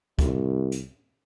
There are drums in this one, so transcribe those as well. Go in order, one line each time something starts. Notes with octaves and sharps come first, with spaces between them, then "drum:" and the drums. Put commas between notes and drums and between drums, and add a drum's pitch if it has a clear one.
C2, drum: kick, hi-hat
drum: hi-hat